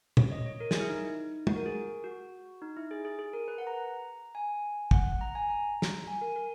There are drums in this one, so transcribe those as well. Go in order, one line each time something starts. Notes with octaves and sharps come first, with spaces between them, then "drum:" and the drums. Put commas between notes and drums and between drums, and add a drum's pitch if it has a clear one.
C#5, drum: tom
D#5
C#5
A#4
G#4, drum: snare
E4
D#4
F#4, drum: tom
A#4
G#4
F#4
D#4
E4
G#4
G#4
G#4
A#4
B4
F#5
A#5
G#5
F#5, drum: kick
A#5
G#5
A#5
drum: snare
G#5
A#4
A#4